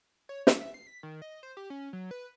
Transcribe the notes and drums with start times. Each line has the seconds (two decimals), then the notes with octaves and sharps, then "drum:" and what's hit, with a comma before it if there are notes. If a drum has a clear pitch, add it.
0.29 C#5
0.47 A4, drum: snare
0.61 E5
0.74 C7
0.87 B6
1.03 D#3
1.22 D#5
1.43 C5
1.57 G4
1.70 C#4
1.93 F#3
2.11 B4